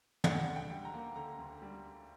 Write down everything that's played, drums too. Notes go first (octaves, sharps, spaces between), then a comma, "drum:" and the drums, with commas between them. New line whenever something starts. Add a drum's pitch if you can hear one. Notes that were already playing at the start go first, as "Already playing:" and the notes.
D3 F#5, drum: tom
D2
G5
G3
A#5
A#3
D3 A#5
D2
G3